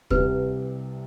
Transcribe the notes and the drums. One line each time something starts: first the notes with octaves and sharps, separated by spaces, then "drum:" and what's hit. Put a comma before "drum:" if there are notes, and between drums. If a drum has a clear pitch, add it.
C2 C3 G3 B4, drum: kick